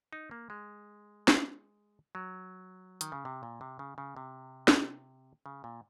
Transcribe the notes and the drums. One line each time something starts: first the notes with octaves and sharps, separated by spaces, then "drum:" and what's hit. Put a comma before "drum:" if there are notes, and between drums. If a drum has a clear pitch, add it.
D#4
A#3
G#3
drum: snare
F#3
D#3, drum: hi-hat
C#3
C3
A#2
C3
C#3
C#3
C3
drum: snare
C#3
A#2